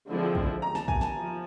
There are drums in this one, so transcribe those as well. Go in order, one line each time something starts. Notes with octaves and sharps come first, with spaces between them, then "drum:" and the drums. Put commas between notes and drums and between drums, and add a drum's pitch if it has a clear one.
D3 F3 G#3 C4 E4
drum: kick
A#5
A5, drum: snare
G#5, drum: kick
A5, drum: snare
F3